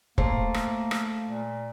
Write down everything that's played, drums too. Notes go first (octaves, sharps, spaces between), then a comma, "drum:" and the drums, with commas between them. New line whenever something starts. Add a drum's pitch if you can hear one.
A3 A#3 C5, drum: kick
drum: rim click
drum: rim click
A#2